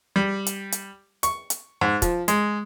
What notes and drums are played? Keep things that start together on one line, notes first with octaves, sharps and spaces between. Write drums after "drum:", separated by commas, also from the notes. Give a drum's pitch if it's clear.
G3
drum: hi-hat
drum: hi-hat
C#6, drum: hi-hat
drum: hi-hat
G#2
F3, drum: kick, hi-hat
G#3, drum: hi-hat